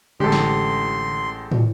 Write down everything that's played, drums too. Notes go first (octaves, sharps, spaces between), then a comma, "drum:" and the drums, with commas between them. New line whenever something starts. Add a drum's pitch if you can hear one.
A1 D3 G#3 G4 A4 C6
drum: snare
drum: tom